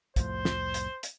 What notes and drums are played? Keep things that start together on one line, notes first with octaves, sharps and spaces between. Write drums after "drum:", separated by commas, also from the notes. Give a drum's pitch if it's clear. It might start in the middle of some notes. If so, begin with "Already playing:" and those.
C2 F2 A2 C5, drum: kick, hi-hat
drum: snare
drum: hi-hat
drum: hi-hat